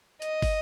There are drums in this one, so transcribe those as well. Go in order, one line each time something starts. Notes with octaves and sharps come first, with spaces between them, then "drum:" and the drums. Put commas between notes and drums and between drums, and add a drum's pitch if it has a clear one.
D#5, drum: hi-hat
drum: kick, open hi-hat